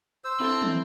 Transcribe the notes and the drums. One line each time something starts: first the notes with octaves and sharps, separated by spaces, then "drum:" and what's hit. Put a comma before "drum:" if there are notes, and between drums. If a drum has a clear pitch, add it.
C5 E6
C4 E4 A4 A5 C6
drum: tom